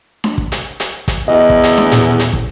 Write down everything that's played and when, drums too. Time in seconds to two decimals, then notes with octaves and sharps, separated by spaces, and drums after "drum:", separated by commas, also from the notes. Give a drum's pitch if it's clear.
0.24 drum: snare D4
0.38 drum: kick
0.52 drum: hi-hat
0.80 drum: hi-hat
1.08 drum: kick, hi-hat
1.28 E2 D#5
1.50 drum: kick
1.64 drum: hi-hat
1.78 drum: snare D4
1.92 D#1, drum: hi-hat
2.19 drum: hi-hat
2.33 drum: kick